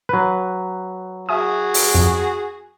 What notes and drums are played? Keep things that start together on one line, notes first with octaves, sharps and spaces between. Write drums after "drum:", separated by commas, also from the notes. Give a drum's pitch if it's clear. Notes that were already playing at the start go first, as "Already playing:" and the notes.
F#3 B4
F#4 G#4 E5 G#5 D#6
drum: open hi-hat
F2